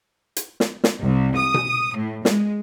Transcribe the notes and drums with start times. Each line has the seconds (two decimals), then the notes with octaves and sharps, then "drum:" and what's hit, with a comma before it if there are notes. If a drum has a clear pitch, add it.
0.36 drum: hi-hat
0.60 drum: snare
0.84 drum: snare
1.02 C2
1.35 D#6
1.54 drum: tom B2
1.95 A2
2.25 G#3, drum: snare